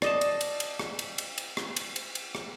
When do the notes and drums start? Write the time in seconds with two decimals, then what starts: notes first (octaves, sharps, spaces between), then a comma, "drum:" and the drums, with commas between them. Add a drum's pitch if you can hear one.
0.02 D5 D#5 A5, drum: rim click
0.21 drum: cymbal
0.41 drum: cymbal
0.60 drum: cymbal
0.79 drum: rim click
0.99 drum: cymbal
1.18 drum: cymbal
1.38 drum: cymbal
1.57 drum: rim click
1.76 drum: cymbal
1.96 drum: cymbal
2.15 drum: cymbal
2.35 drum: rim click